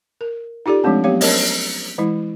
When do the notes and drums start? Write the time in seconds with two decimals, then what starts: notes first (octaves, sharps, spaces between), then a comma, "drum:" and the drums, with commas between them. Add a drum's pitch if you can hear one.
0.21 A#4
0.66 D#4 F4 G4 A4 D5
0.84 F3 G#3 A3 C4 D4
1.04 F#3 B3 G4 C#5 F5
1.21 C#4 A#4 C#5 D#5, drum: open hi-hat
1.98 E3 G#3 E4